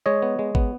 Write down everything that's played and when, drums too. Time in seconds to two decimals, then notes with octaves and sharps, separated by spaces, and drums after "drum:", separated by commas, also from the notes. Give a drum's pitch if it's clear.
0.06 G#3 C#5 D#5
0.22 B3
0.39 G#3
0.55 B3, drum: kick